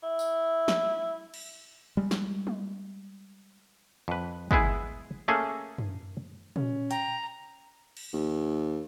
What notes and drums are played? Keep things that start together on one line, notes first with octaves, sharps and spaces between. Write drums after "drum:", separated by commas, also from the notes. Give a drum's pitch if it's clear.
E4
drum: tambourine
drum: snare
drum: cymbal
G3 G#3
drum: snare
drum: tom G3
F2 B4
G#3 B3 E4 G#4, drum: kick
A3 A#3 C#4 G#4 A4
drum: tom F#2
C#4, drum: tom A#2
G5 A#5, drum: hi-hat
drum: cymbal
D#2